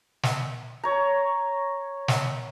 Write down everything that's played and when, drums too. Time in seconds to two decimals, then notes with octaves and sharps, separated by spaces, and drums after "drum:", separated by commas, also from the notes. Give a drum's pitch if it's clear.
0.23 drum: snare
0.83 C#5 A#5
2.08 drum: snare